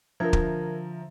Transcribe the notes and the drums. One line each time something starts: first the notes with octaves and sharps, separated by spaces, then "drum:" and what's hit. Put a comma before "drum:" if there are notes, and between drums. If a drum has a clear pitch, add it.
D3 F3 A#4 E5 A#5 G#6
drum: kick